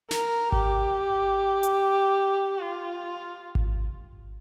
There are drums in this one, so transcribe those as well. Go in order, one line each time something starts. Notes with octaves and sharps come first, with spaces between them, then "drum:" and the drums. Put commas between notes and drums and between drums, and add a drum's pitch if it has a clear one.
A#4, drum: snare
G4, drum: kick G#1
drum: hi-hat
F4
drum: kick G#1